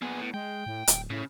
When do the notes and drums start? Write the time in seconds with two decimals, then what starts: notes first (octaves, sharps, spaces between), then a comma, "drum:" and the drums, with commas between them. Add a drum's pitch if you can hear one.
0.02 A#2 B3 G#4
0.20 A2
0.34 G#3 G5
0.66 A2
0.87 D1, drum: hi-hat
1.10 A2 C#3